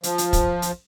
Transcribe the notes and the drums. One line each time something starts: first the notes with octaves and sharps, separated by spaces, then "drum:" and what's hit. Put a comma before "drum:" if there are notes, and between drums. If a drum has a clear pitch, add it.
F3, drum: hi-hat
drum: hi-hat
drum: kick, hi-hat
drum: hi-hat